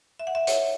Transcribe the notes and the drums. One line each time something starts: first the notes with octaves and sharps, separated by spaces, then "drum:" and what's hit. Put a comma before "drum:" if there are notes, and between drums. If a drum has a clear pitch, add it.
E5
F#5
E5
C#5, drum: hi-hat